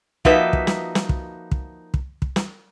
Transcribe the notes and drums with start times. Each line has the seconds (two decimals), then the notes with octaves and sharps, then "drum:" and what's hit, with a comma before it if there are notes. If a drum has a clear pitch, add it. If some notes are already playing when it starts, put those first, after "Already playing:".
0.25 F3 A#3 D#4 F#4 B4 E5, drum: kick
0.53 drum: kick
0.67 drum: snare
0.95 drum: snare
1.09 drum: kick
1.51 drum: kick
1.94 drum: kick
2.22 drum: kick
2.36 drum: snare